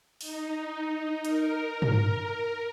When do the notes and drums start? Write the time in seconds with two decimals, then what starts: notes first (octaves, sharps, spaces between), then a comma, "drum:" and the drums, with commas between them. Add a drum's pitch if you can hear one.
0.21 D#4, drum: open hi-hat
1.25 A#4, drum: hi-hat
1.82 drum: tom